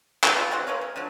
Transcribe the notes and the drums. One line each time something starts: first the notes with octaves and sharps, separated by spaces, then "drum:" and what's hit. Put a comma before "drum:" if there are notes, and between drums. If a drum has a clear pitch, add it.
G4 B4, drum: clap
B2 F4
C4 F#4 C5 F#5
A#4 B4 C#5 F5
G#3
D3 F3 F#3